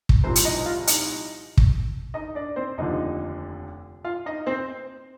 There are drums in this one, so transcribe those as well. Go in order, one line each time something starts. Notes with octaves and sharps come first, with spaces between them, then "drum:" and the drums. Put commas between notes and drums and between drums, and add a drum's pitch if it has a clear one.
drum: kick
C2 A#2 F3 C4 C5
drum: hi-hat
D#4 D#5
F4 F5
D#4 D#5, drum: hi-hat
drum: kick
D#4 D#5
D4 D5
C4 C5
F1 D#2 D3 F3 D#4 D#5
F4 F5
D#4 D#5
C4 C5